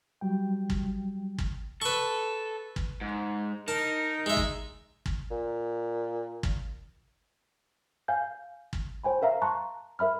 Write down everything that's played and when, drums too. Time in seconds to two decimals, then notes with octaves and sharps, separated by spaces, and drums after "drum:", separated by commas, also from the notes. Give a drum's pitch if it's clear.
0.21 F#3 G3 G5
0.70 drum: kick
1.38 drum: kick
1.82 A4 B4 C#6
2.76 drum: kick
3.01 G#2
3.68 D#4 A#4 A5
4.26 G#3 E5
4.37 drum: kick
5.06 drum: kick
5.31 A#2
6.43 drum: kick
8.08 F5 G#5 G6
8.73 drum: kick
9.04 C5 G5 G#5 B5
9.22 A#4 E5 F5 A#5
9.42 A5 A#5 C6 C#6 F#6
9.99 A#4 E5 B5 F6